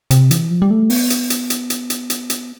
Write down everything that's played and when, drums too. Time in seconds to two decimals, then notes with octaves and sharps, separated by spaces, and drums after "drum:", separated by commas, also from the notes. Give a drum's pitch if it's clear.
0.11 C3, drum: hi-hat
0.31 E3, drum: hi-hat
0.51 F3
0.62 G3
0.71 A3
0.90 B3, drum: open hi-hat
1.10 drum: hi-hat
1.30 drum: hi-hat
1.50 drum: hi-hat
1.70 drum: hi-hat
1.90 drum: hi-hat
2.10 drum: hi-hat
2.30 drum: hi-hat